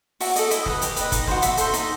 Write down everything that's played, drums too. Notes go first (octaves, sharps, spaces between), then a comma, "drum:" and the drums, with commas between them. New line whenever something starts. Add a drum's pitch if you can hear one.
F#4 E5, drum: open hi-hat
A4 D#5, drum: hi-hat
E4 D#5, drum: hi-hat
B4 D#5, drum: snare
G4, drum: hi-hat
B4 D#5, drum: hi-hat
D#4, drum: kick, hi-hat
F#4 C5, drum: snare
F#4 E5, drum: hi-hat
A4 C5, drum: hi-hat
D#4, drum: hi-hat